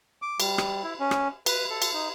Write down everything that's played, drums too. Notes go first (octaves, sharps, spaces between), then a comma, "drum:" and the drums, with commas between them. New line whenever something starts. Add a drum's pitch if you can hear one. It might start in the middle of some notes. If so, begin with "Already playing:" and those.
D6
G3, drum: cymbal
drum: rim click
E4
C#4
drum: rim click
B4, drum: cymbal
A4
drum: cymbal
D#4